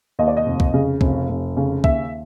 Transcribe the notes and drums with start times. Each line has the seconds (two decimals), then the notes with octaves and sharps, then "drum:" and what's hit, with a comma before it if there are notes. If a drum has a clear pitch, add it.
0.19 D#2 D#5
0.28 D5
0.37 D#5
0.46 F1
0.60 drum: kick
0.74 C#3
1.01 F1, drum: kick
1.29 F1
1.57 C#3
1.84 D#2 E5, drum: kick